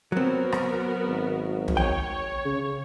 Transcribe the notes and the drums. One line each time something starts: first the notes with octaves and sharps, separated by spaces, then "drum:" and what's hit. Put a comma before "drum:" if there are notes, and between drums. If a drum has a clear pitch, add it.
F#3 B3 C4 F#4 A#4
drum: rim click
G#1
drum: tom
C#5 G5
C#3